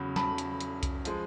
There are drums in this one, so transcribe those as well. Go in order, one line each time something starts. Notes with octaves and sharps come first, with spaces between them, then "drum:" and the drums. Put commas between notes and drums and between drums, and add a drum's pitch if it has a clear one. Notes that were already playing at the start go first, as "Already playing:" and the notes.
Already playing: E2 C#3 F#3 B5
A5 B5, drum: snare
drum: hi-hat
drum: hi-hat
drum: kick B1, hi-hat
F3 G#3, drum: hi-hat